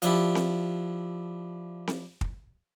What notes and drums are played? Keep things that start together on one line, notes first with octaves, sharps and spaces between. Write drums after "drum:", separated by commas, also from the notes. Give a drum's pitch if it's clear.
F3 D4 E4 G4, drum: hi-hat
drum: snare C4
drum: snare C4
drum: kick